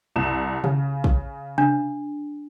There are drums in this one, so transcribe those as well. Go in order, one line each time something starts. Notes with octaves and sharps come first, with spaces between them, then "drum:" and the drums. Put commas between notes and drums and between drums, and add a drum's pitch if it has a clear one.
C2 E7
C#3, drum: tom D3
drum: kick
D4, drum: tom C3